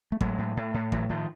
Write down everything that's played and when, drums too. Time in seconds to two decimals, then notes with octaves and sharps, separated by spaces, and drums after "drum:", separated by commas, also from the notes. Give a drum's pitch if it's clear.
0.12 A3
0.21 A2 F#3 G#3, drum: kick G#1
0.38 A2
0.57 A2
0.74 A2
0.92 A2 E3 F#3, drum: kick G#1
1.09 A2 D#3 F3